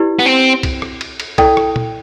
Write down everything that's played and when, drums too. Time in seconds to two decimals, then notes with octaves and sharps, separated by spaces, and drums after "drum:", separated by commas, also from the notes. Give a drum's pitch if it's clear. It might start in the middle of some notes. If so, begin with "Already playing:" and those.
Already playing: E4 G4 B4 D5
0.19 B3
0.26 C4
0.63 drum: kick C2, cymbal
0.82 drum: rim click
1.01 drum: cymbal
1.20 drum: cymbal
1.38 E4 A4 D5 G5, drum: kick C2, cymbal
1.57 drum: rim click
1.76 drum: tom A#2